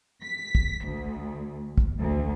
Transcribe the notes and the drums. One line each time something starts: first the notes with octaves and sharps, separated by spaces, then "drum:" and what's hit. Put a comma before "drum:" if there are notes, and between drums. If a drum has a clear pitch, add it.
B6
drum: kick
D2
drum: kick
D2